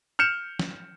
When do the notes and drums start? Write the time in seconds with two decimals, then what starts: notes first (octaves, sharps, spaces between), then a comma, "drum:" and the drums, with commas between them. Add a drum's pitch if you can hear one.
0.19 F6 G6 C#7 E7
0.59 drum: snare